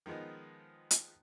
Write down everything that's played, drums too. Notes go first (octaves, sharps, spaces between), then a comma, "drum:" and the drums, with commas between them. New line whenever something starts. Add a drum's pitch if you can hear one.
D#3 F3 G#3 B3 D#4
drum: hi-hat